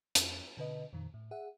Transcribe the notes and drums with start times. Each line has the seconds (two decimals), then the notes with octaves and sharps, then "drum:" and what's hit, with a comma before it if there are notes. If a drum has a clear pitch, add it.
0.15 F2, drum: hi-hat
0.57 B2 D3 B4 D#5
0.93 F2 A#2 D#3
1.14 A2
1.31 G#4 E5 F#5